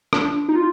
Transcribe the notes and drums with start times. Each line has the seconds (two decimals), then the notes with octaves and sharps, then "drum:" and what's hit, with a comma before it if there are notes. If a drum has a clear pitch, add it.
0.13 D4, drum: rim click
0.48 D#4
0.56 F4